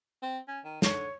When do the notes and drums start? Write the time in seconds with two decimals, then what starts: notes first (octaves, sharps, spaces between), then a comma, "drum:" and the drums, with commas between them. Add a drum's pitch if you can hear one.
0.22 C4
0.48 C#4
0.65 D#3
0.82 D3 C#5, drum: snare